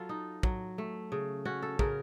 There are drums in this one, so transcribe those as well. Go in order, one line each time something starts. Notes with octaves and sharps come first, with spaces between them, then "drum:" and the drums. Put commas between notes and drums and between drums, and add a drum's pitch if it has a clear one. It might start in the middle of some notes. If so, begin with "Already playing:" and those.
Already playing: F#3 F4 A4
D#4
F#3, drum: kick
A3
C#3
C#4 F#4
A4
C#3 A#4, drum: kick